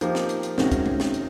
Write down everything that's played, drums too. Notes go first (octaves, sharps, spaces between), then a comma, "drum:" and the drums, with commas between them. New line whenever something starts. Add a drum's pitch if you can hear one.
F3 A#3 D#4 G4, drum: hi-hat
drum: snare
drum: hi-hat
drum: hi-hat
C3 D#3 G#3 C#4 F#4, drum: snare
drum: kick, hi-hat
drum: tom G#3
drum: snare
drum: hi-hat